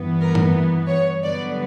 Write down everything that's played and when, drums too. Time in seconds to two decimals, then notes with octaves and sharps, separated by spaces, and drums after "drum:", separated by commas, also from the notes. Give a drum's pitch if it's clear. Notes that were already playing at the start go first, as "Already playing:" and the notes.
Already playing: G2 E3 B3
0.21 A#4
0.35 drum: tom
0.89 C#5
1.23 G2 D3 F#3 B3 D5